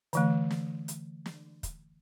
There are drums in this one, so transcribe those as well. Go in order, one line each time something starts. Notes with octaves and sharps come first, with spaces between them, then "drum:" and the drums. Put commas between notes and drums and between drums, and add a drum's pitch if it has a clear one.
D3 E3 A3, drum: hi-hat
drum: snare
drum: hi-hat
drum: snare
drum: kick, hi-hat